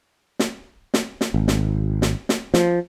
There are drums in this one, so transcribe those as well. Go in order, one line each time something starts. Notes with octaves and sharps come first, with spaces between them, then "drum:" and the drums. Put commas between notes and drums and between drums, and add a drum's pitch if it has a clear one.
drum: snare
drum: snare
drum: snare
G#1
drum: snare
drum: snare
drum: snare
F3, drum: snare